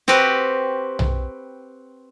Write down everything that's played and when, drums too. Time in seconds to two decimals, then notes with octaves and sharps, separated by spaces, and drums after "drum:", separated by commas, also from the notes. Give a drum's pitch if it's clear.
0.08 C4 F#4 G4 B4, drum: snare
0.99 drum: tom B1